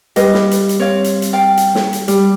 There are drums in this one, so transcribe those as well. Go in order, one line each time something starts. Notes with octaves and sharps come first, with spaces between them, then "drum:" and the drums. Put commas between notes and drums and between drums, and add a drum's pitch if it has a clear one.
G3 B4 D#5 F5, drum: hi-hat
drum: snare
drum: hi-hat
drum: hi-hat
C4 C#5 F5
drum: hi-hat
drum: hi-hat
F5 G5
drum: hi-hat
drum: snare
drum: hi-hat
G3, drum: hi-hat